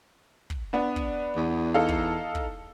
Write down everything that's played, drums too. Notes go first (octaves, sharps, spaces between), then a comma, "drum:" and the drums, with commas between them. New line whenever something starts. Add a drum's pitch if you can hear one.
drum: kick
B3 D4
drum: kick
E2
D#4 A4 F5
drum: kick
drum: kick